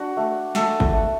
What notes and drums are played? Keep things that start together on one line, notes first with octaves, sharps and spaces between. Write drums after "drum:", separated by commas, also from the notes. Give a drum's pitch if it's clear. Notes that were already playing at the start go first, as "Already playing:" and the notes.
Already playing: D4 F#4
A3
A3 A4, drum: snare
drum: kick G1
A3